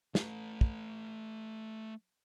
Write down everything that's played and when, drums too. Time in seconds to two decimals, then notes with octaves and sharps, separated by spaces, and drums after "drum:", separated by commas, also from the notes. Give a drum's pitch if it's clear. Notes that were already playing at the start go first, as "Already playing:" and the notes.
0.15 A3 B4, drum: snare
0.61 drum: kick